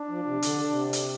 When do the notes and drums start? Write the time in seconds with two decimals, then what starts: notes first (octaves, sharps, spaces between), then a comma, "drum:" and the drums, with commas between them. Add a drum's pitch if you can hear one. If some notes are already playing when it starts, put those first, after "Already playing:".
Already playing: D4
0.09 F3
0.26 C3
0.42 D3, drum: hi-hat
0.68 C3
0.93 drum: hi-hat